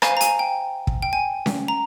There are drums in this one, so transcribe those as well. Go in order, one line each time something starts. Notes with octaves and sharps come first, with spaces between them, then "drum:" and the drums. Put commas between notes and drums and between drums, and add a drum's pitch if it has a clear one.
C5 F5 G#5, drum: rim click
A#5
G#5, drum: hi-hat
G5
drum: kick
G5
G#5
drum: snare C#4
A#5